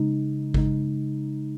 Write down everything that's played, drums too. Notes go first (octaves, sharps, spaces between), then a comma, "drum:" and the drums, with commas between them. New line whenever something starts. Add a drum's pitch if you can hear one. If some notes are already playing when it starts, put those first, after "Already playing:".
Already playing: C#3 G#3 D#4
C#3 G#3 D#4, drum: kick G#1